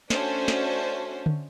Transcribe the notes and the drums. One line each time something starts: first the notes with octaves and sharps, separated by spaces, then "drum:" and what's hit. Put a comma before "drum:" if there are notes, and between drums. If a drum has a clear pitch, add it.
A3 C#4 D4 F#4 C5, drum: snare
drum: snare
drum: tom D3